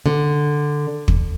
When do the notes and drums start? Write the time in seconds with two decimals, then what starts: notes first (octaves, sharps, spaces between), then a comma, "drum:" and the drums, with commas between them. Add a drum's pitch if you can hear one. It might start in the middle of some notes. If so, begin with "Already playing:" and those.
0.06 D3
1.08 drum: kick